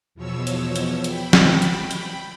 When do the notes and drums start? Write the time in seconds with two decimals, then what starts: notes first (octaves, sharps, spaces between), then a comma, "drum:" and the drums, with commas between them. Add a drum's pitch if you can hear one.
0.15 E2 B2 F3 C#5 E6
0.47 drum: hi-hat
0.76 drum: hi-hat
1.04 G5 B5, drum: hi-hat
1.33 drum: snare
1.62 drum: hi-hat
1.91 drum: hi-hat